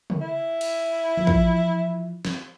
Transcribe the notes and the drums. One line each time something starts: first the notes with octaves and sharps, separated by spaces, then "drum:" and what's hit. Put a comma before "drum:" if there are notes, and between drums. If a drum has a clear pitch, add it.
drum: tom C#3
E4
drum: cymbal
E3 F3
drum: kick
drum: snare